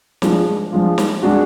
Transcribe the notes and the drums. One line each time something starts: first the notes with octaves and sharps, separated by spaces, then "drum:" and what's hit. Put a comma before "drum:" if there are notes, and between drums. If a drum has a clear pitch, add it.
F3 G#3 D4 F4, drum: snare
F3 G#3 D4 F4
drum: snare
G#3 D4 F#4